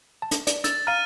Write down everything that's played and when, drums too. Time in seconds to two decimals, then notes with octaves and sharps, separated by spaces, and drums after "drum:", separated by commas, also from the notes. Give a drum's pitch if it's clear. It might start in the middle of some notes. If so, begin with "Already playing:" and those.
0.22 A5
0.31 drum: hi-hat
0.47 D5, drum: hi-hat
0.64 E6 A6, drum: hi-hat
0.87 F5 A#5 F6 D#7